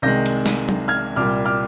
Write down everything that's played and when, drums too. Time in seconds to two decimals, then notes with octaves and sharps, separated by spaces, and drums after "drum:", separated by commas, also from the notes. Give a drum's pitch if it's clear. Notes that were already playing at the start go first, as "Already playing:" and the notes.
0.02 C2 C3 D#3 G#3 G6 A#6
0.26 drum: cymbal
0.46 drum: snare
0.69 drum: tom F#3
0.88 F6 G#6
1.16 C2 A#2 G3 D6 F6
1.45 D6 F6